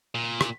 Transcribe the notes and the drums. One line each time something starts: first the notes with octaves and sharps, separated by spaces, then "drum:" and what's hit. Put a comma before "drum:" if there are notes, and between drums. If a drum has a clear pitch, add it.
A#2
drum: rim click